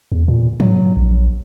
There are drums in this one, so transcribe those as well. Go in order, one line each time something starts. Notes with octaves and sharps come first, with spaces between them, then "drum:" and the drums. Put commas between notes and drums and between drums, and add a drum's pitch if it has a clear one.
E2
A#2
F#3, drum: tom
A#1